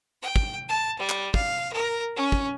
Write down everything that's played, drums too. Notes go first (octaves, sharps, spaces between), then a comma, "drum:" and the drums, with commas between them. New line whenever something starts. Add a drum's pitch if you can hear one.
G5
drum: kick
A5
G3
drum: clap
F5, drum: kick
A#4
C#4
drum: kick